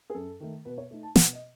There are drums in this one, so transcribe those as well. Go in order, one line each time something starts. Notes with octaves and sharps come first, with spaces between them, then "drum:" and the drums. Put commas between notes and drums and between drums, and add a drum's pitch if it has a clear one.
G#4
F#2 A4
D#3 A3
B2 B4
C#5
A3 D#4
A5
B2 F#5, drum: snare
D#5